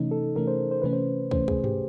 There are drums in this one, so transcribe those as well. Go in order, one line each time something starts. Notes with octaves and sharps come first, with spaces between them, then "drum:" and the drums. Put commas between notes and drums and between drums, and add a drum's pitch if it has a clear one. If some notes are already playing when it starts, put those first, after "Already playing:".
Already playing: C3 E3 A3 C#4 D#4
A4
C3 E3 A3 C#4 A#4
C5
C5
C3 E3 A3 C#4 B4
C5
C3 E3 A3 C#4 C5, drum: kick
G#4, drum: kick
G4, drum: tom G2